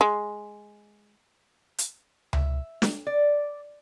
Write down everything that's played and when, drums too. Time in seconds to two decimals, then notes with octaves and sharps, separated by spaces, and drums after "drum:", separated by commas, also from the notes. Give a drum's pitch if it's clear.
0.01 G#3
1.78 drum: hi-hat
2.33 E5, drum: tom C#2
2.82 drum: snare
3.07 D5